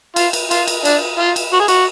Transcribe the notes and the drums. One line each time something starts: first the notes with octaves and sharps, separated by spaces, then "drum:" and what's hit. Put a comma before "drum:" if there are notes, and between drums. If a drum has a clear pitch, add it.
F4, drum: cymbal
drum: cymbal
F4, drum: cymbal
drum: cymbal
D4, drum: cymbal
F4
drum: cymbal
F#4
G#4
F#4, drum: cymbal